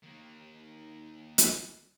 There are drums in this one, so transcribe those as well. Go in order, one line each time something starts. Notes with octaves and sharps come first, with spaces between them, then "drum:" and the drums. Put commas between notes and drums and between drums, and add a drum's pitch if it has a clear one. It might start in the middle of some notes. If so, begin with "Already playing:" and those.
D#3 A#3
drum: hi-hat